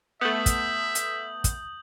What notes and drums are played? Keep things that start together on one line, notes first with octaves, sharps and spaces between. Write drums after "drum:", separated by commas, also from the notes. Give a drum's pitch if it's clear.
A3 B3 E5 D#6 G6 F#7
drum: kick, hi-hat
drum: hi-hat
drum: kick, hi-hat